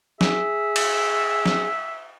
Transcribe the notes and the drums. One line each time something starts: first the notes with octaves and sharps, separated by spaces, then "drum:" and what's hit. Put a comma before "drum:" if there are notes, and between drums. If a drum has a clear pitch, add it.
G#4 E5, drum: snare
drum: cymbal
drum: snare